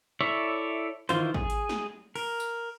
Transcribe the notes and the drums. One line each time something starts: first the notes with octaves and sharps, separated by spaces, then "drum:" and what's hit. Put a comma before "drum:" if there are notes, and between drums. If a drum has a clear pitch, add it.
E4 A4 C#5 D5 E5
D#3 E3 F4 C5, drum: hi-hat
G#4, drum: kick
drum: hi-hat
drum: snare
A#4, drum: cymbal
drum: tambourine